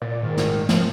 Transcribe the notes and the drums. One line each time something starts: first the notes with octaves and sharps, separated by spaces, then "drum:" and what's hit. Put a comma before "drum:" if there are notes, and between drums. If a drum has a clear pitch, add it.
A#2 D5
G#2 D#3
drum: snare
F3, drum: snare